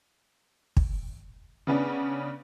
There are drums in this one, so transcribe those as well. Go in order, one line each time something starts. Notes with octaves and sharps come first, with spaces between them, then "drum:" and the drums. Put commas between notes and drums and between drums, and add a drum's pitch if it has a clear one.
drum: kick
C#3 B3 C#4 D4